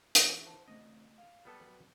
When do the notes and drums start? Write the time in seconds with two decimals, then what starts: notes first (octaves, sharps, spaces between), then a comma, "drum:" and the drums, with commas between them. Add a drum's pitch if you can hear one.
0.15 E3, drum: hi-hat
0.46 C5 F#5 A5
0.68 C#3 A3 C4 D#5
1.18 F5
1.45 G3 B3 A4
1.60 F#3 B4